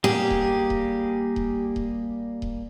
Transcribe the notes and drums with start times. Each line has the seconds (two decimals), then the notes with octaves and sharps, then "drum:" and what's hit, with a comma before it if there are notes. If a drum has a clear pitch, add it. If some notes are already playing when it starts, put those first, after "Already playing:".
0.04 G3 A#3 G4 G#4
0.30 drum: kick D#1
0.70 drum: kick D#1
1.36 drum: kick D#1
1.76 drum: kick D#1
2.42 drum: kick D#1